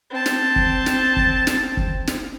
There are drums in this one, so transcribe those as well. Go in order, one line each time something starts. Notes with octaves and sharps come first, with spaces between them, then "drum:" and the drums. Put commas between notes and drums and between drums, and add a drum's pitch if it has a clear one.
C4 A5
drum: snare
drum: kick
drum: snare
drum: kick
drum: snare
drum: kick
drum: snare